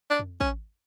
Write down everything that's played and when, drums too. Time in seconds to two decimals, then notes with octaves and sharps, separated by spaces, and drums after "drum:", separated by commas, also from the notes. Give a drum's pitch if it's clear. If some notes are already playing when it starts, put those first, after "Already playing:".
0.10 D4
0.20 drum: tom F2
0.41 C#4, drum: kick